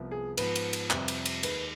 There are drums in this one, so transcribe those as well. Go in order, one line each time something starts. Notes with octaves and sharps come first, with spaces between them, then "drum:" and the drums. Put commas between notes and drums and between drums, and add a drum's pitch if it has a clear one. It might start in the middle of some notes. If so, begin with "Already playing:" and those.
Already playing: C2 C3 F3 B3
G#4
G#2 F3 B3 B4, drum: cymbal
drum: cymbal
drum: cymbal
F2 C3 G3, drum: clap
drum: cymbal
drum: cymbal
D#2 D#3 G#3 B4, drum: cymbal